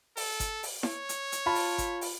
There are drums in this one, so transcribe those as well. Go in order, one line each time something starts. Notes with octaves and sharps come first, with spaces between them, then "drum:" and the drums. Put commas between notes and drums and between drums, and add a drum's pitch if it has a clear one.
A4, drum: open hi-hat
drum: kick G1, hi-hat
drum: open hi-hat
C#5, drum: snare E4
drum: hi-hat
drum: hi-hat
F4 A5 B5
drum: open hi-hat
drum: kick G1, hi-hat
drum: open hi-hat